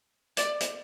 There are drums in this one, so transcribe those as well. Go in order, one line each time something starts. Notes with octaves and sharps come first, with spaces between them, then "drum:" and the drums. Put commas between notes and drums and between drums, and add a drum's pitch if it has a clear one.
D5, drum: hi-hat
drum: hi-hat